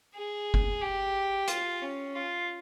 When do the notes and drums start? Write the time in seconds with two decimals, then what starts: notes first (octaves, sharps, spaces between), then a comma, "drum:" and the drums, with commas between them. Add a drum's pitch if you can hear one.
0.15 G#4
0.54 drum: kick G1
0.81 G4
1.48 F4, drum: hi-hat
1.82 C#4
2.16 F4